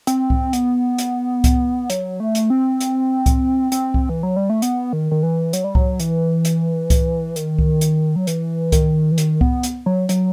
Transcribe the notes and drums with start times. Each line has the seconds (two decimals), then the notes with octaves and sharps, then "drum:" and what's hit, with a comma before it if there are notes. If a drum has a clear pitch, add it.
0.07 C4, drum: hi-hat
0.30 drum: kick C2
0.53 B3, drum: hi-hat
0.98 drum: hi-hat
1.44 drum: kick C2, hi-hat
1.90 F#3, drum: hi-hat
2.20 A3
2.35 drum: hi-hat
2.50 C4
2.81 drum: hi-hat
3.26 drum: kick C2, hi-hat
3.72 C4, drum: hi-hat
3.94 drum: kick C2
4.09 E3
4.23 F#3
4.37 G3
4.50 A3
4.62 B3, drum: hi-hat
4.93 D#3
5.12 D#3
5.23 E3
5.53 F#3, drum: hi-hat
5.64 G3
5.75 F#3, drum: kick C2
6.00 E3, drum: hi-hat
6.45 drum: hi-hat
6.90 drum: kick C2, hi-hat
7.36 D#3, drum: hi-hat
7.59 drum: kick C2
7.81 drum: hi-hat
8.16 F#3
8.27 E3, drum: hi-hat
8.72 D#3, drum: kick C2, hi-hat
9.12 E3
9.18 D#3, drum: hi-hat
9.41 B3, drum: kick C2
9.63 drum: hi-hat
9.86 F#3
10.09 F#3, drum: hi-hat